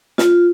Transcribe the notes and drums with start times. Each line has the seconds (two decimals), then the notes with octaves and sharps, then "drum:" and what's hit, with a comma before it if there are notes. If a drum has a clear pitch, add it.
0.18 F4, drum: snare